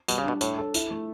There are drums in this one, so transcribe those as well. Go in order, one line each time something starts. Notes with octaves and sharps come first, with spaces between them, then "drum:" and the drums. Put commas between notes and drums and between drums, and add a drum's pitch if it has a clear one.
B2 G3, drum: tambourine
C#3
B2 D4
A2 C#5, drum: tambourine
A4
E4, drum: tambourine
A3